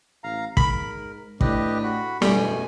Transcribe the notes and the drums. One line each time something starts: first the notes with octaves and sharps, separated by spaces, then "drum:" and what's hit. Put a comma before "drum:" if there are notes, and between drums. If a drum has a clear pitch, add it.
A1 F5 A#5
G#2 A#4 B5, drum: kick
A2 D4 G4 B4 D#5, drum: kick
F#4 B5
E1 F#2 B2 G3 A3 G#5, drum: snare